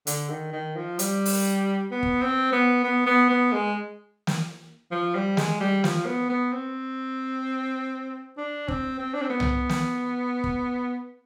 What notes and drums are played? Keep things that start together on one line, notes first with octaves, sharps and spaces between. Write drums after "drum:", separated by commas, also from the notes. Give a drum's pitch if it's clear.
D3, drum: hi-hat
D#3
D#3
F3
G3, drum: hi-hat
drum: open hi-hat
B3
drum: kick
C4
B3
B3
B3
B3
G#3
drum: snare
F3
G3
G#3, drum: snare
G3
F3, drum: snare
B3
B3
C4
D4
C4, drum: kick
C4
D4
C4
B3
drum: tom C2
drum: snare
drum: kick